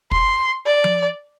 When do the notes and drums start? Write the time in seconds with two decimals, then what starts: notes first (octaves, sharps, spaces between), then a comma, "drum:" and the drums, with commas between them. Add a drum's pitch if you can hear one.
0.11 C6, drum: kick
0.66 D5
0.84 drum: tom F3